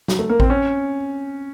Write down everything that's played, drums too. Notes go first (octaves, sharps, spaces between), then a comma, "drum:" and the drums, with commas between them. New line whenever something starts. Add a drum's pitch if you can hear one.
F#3, drum: snare
A3
A#3
C4, drum: kick A1
C#4